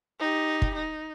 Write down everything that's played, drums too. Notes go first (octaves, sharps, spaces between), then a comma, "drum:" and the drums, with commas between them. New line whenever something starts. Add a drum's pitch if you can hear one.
D#4 G4
drum: kick
D#4